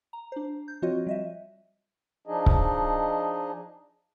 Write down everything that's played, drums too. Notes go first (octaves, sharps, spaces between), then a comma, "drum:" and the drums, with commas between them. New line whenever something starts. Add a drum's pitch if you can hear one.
A#5
D4 C5
G6
F3 C4 F4 F#4 C#5 D#5
G3 D#5 E5
F3 D4 D#4 G#4 D#5
drum: kick C#1